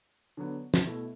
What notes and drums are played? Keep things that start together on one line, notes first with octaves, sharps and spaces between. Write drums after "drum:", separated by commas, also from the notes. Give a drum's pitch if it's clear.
D3 F#3 B3
drum: snare
B2 A3 E4